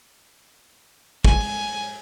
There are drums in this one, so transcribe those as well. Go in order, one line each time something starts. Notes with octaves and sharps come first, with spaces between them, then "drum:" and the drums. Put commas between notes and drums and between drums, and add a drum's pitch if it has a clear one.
G#3 G#5, drum: kick
drum: open hi-hat